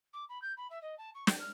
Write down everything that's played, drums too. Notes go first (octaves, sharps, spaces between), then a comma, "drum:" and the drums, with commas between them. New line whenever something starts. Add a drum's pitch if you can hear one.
D6
B5
G6
B5
E5
D#5
A5
C#6
G5, drum: snare
F6